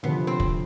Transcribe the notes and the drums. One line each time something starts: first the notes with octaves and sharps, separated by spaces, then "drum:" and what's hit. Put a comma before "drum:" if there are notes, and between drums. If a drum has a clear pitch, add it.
D2 C3 F3 B3
C4
drum: kick